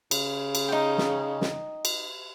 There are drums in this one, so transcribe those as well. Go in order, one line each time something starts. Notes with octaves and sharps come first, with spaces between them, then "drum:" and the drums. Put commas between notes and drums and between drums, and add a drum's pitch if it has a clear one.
C#3, drum: cymbal
drum: cymbal
D#4 G5
drum: snare
drum: snare
drum: cymbal